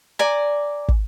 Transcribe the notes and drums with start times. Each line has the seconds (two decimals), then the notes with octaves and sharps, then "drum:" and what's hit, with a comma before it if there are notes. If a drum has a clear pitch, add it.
0.19 D5 G#5 A#5
0.88 drum: kick